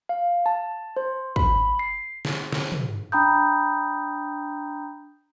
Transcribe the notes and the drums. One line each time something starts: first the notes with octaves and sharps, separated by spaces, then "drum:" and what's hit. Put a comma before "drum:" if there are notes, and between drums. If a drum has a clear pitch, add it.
F5
A5
C5
B5, drum: kick
C7
drum: snare
drum: snare
drum: tom
D4 G5 A#5 B5 D#6 G6